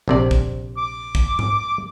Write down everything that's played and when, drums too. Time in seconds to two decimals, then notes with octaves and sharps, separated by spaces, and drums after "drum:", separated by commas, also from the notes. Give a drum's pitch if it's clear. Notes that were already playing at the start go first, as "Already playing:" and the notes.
0.08 A#1 C3 D5
0.31 drum: kick A#1
0.77 D6
1.15 drum: kick A#1
1.39 drum: tom G#2